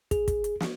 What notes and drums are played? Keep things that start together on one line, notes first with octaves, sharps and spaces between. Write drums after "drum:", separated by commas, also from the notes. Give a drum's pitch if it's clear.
G#4, drum: kick, hi-hat
drum: kick, hi-hat
drum: hi-hat
drum: snare